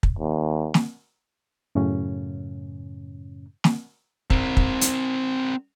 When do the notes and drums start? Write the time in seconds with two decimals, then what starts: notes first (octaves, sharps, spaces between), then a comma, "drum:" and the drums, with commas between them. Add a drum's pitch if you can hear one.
0.03 drum: kick
0.19 D#2
0.74 drum: snare
1.75 F#2 A2 C#3 C#4
3.64 drum: snare
4.30 C4 A#4, drum: kick
4.57 drum: kick
4.81 drum: hi-hat